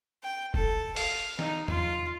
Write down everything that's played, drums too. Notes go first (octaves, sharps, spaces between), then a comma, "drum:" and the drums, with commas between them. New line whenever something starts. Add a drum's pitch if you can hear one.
G5
A4, drum: kick
F5, drum: open hi-hat
D#4, drum: snare
F4, drum: tom E2